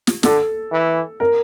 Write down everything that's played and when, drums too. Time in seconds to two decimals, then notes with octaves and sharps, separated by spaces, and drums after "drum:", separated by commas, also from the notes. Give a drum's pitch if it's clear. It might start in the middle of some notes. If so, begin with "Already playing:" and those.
0.07 drum: snare
0.23 D3 A4, drum: snare
0.72 E3
1.20 A#4